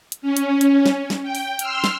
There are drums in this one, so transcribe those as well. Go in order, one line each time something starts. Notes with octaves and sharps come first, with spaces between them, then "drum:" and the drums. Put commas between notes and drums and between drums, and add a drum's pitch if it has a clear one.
drum: hi-hat
C#4
drum: hi-hat
drum: hi-hat
drum: snare
drum: snare
G5
drum: open hi-hat
C6 E6 F6, drum: hi-hat
drum: snare